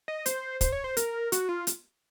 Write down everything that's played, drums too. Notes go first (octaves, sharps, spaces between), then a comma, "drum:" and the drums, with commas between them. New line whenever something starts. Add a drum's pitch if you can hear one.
D#5
C5, drum: hi-hat
C5, drum: kick, hi-hat
C#5
C5
A#4, drum: hi-hat
F#4, drum: hi-hat
F4
drum: hi-hat